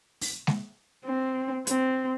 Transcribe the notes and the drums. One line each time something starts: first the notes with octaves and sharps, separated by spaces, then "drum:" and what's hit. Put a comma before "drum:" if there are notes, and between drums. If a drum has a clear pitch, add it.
drum: open hi-hat
drum: snare G#3
C4
C4, drum: hi-hat